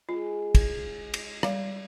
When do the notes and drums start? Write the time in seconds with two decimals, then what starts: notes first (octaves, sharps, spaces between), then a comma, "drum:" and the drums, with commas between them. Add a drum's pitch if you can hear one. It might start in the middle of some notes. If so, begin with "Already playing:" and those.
0.09 G#3 F4
0.55 drum: kick, cymbal
1.14 drum: cymbal
1.43 G3 F5, drum: rim click